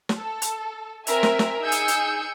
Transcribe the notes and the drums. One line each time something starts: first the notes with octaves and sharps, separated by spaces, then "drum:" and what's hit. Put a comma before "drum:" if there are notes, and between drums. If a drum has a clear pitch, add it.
drum: snare
A4
drum: hi-hat
C4 A#4 E5 G#5, drum: hi-hat
drum: snare
drum: snare
D#4 G#4 G#5 E6 G6 C#7
drum: hi-hat
drum: hi-hat